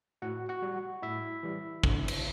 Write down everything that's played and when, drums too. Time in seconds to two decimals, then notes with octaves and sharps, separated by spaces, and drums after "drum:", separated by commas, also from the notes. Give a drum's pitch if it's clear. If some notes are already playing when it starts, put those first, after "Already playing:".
0.22 A2 F#4 F#5
0.49 F#4 F#5
0.62 G3
1.03 A2 E4 E5
1.43 E3 G3
1.84 D3, drum: kick
2.08 drum: cymbal